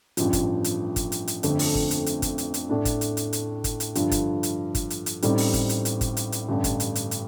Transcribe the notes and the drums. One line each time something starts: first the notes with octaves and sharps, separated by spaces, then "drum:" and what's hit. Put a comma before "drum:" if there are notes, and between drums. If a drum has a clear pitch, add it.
A1 G2 F3, drum: hi-hat
drum: kick G1, hi-hat
drum: hi-hat
drum: kick G1, hi-hat
drum: hi-hat
drum: hi-hat
G1 F2 D3 A3 C4, drum: hi-hat
drum: open hi-hat
drum: kick G1
drum: hi-hat
drum: hi-hat
drum: kick G1, hi-hat
drum: hi-hat
drum: hi-hat
A2 A3 D4
drum: kick G1, hi-hat
drum: hi-hat
drum: hi-hat
drum: hi-hat
drum: kick G1, hi-hat
drum: hi-hat
G2 D3 F3, drum: hi-hat
drum: kick G1, hi-hat
drum: hi-hat
drum: kick G1, hi-hat
drum: hi-hat
drum: hi-hat
A1 A2 G3 C4 D#4, drum: hi-hat
drum: open hi-hat
drum: kick G1, hi-hat
drum: hi-hat
drum: hi-hat
drum: kick G1, hi-hat
drum: hi-hat
drum: hi-hat
A1 G2 D3
drum: kick G1, hi-hat
drum: hi-hat
drum: hi-hat
drum: hi-hat